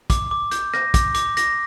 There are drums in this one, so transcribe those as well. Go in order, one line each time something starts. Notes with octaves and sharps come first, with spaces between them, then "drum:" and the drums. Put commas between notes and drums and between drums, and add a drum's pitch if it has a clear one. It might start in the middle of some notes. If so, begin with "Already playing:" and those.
D6, drum: kick, hi-hat
D6
G6, drum: hi-hat
A#6, drum: rim click
D6, drum: kick, hi-hat
D6, drum: hi-hat
A#6, drum: hi-hat